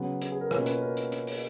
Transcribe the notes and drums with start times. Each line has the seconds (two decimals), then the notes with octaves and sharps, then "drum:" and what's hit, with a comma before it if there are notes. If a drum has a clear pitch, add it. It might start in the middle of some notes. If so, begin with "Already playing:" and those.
Already playing: C#3 F#3 B3
0.22 B4, drum: hi-hat
0.32 G#4
0.41 A#4
0.51 B2 A#3 C#4 F4 B4, drum: rim click
0.66 B4, drum: hi-hat
0.82 A#4
0.97 drum: hi-hat
1.12 drum: hi-hat
1.27 drum: open hi-hat